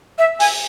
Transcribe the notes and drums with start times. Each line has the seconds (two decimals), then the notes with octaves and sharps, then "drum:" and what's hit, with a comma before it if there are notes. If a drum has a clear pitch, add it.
0.18 E5
0.40 G#5, drum: open hi-hat